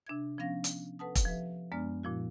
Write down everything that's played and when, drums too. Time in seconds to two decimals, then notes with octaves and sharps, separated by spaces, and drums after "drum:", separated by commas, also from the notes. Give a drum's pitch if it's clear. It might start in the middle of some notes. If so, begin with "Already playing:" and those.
0.07 C3 D4 E5 G#6
0.38 F3 B3 C#4 F5 A#6
0.64 drum: hi-hat
0.99 A4 B4 F#5 A5 D#6
1.15 drum: kick E1, hi-hat
1.25 F3 G4 B4 E5
1.72 F#2 G#3 B3 D4 D5 F6
2.03 A#2 F3 E4 F#4